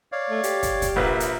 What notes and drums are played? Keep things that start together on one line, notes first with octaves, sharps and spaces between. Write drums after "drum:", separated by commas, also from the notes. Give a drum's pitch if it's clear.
C#5 D5 F5
A3
G4, drum: hi-hat
drum: kick, hi-hat
drum: kick, hi-hat
A#1 A#4 B4 E5
drum: hi-hat